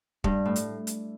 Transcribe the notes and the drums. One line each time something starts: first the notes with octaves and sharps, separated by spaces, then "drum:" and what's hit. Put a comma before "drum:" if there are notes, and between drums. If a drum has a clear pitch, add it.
G2, drum: kick
A2
drum: hi-hat
drum: hi-hat